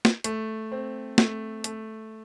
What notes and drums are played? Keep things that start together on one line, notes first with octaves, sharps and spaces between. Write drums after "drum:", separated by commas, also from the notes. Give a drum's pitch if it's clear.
drum: snare
A3, drum: hi-hat
C4
A3, drum: snare
A3, drum: hi-hat